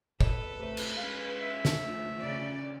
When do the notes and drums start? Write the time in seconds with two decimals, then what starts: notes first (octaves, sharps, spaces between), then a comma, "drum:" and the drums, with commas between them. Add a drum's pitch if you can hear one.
0.21 A4 B4, drum: kick F#1
0.59 C3 A3
0.77 drum: cymbal
0.97 G#3 C#4 F5
1.41 E5
1.65 drum: snare
1.82 F3 A3
2.20 C#3 C#4 D5